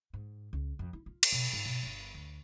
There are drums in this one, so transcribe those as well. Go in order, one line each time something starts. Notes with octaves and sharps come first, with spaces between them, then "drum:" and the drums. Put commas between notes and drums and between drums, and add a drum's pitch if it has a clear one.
G#2
C#2
F2
E4
F4
drum: cymbal
B2
G#2
B2
G1
D2